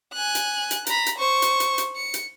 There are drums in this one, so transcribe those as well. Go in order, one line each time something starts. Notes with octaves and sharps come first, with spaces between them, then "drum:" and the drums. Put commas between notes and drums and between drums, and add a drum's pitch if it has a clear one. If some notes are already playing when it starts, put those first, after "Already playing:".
G#5 F#6
drum: hi-hat
drum: hi-hat
A#5 B5, drum: hi-hat
drum: hi-hat
C5 C#6
drum: hi-hat
drum: hi-hat
drum: hi-hat
C#7
drum: hi-hat